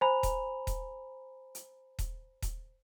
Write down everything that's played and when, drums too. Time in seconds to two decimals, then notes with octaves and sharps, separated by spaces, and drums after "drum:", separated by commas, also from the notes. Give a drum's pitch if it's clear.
0.01 C5 G#5 A#5 B5 F7
0.23 drum: kick D#1, hi-hat
0.67 drum: kick D#1, hi-hat
1.55 drum: hi-hat
1.99 drum: kick D#1, hi-hat
2.42 drum: kick D#1, hi-hat